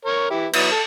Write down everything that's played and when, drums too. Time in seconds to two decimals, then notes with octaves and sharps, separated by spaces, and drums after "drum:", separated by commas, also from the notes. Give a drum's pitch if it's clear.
0.05 A#4 C#5
0.30 E3 E4 G4
0.53 F#3 B3 E4, drum: cymbal
0.71 A4